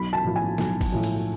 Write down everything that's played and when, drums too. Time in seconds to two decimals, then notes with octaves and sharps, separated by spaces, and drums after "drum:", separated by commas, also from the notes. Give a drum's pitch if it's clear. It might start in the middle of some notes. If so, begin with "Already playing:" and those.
Already playing: B1 B5
0.13 A5
0.24 A2 F3
0.36 G#5
0.58 B1, drum: snare
0.81 drum: kick, cymbal
0.92 A2 F3
1.03 drum: cymbal